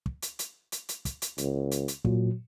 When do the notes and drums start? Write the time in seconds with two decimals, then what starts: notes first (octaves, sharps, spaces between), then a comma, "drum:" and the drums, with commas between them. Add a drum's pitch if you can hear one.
0.06 drum: kick
0.22 drum: hi-hat
0.39 drum: hi-hat
0.72 drum: hi-hat
0.89 drum: hi-hat
1.05 drum: kick, hi-hat
1.22 drum: hi-hat
1.38 C#2, drum: hi-hat
1.71 drum: hi-hat
1.88 drum: hi-hat
2.05 A#2 F#3, drum: kick